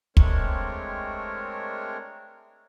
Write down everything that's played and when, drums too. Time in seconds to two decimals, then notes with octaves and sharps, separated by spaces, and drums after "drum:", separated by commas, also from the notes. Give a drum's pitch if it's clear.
0.17 G#3 A3 C4 D4 A#4 C#5, drum: kick